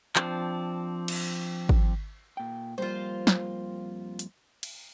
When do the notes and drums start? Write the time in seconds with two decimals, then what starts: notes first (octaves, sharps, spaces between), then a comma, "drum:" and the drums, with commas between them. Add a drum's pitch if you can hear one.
0.16 F3 C4 D4, drum: clap
1.08 drum: cymbal
1.69 drum: kick G#1
2.37 A#2 G5
2.78 F2 G3 A#3 F4 C5
3.27 drum: snare
4.19 drum: hi-hat
4.63 drum: cymbal